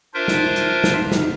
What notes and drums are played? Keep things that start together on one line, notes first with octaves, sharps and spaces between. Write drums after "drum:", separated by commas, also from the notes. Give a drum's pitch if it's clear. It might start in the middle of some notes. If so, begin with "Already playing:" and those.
D4 F4 A#4 C5 E5
drum: snare
drum: hi-hat
drum: snare
drum: snare